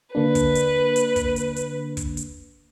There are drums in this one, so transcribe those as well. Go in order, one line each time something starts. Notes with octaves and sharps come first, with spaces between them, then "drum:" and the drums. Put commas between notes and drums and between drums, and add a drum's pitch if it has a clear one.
D3 A#3 D4 B4
drum: kick, hi-hat
drum: hi-hat
drum: hi-hat
drum: kick, hi-hat
drum: hi-hat
drum: hi-hat
drum: kick, hi-hat
drum: hi-hat